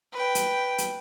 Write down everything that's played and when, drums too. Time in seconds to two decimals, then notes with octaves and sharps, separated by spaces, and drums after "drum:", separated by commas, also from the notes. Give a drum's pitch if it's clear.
0.13 B4 G5
0.35 drum: hi-hat
0.78 drum: hi-hat